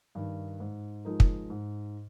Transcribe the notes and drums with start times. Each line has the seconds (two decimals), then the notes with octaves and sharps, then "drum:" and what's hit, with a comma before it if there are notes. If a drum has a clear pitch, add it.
0.15 G2 D#3
0.60 G#2
1.05 F3 G#3 D#4 A#4
1.20 drum: kick
1.50 G#2